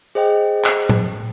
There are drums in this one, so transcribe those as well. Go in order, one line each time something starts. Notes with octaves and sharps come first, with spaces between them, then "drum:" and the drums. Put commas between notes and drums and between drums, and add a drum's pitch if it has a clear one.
G#4 C5 D#5 G5
drum: clap
drum: tom A2